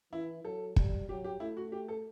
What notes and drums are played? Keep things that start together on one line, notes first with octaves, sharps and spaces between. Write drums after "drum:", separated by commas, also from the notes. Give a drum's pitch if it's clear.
E3 E4
F#3 A4
G3, drum: kick
F#3 G4
G4
A3 E4
F#4
G4
A4